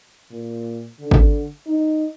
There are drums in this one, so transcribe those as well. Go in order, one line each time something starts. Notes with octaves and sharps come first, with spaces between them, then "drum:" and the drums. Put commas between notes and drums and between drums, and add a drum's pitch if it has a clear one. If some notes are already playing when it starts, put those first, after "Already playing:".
A#2
D3
drum: kick G#1
D#4